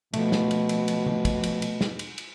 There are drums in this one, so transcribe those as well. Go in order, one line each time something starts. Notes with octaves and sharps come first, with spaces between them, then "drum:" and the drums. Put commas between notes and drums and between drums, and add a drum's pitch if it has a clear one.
B1 B2 F3 A3, drum: cymbal
drum: snare
drum: cymbal
drum: cymbal
drum: cymbal
drum: tom D3
drum: kick, cymbal
drum: cymbal
drum: cymbal
drum: snare
drum: cymbal
drum: cymbal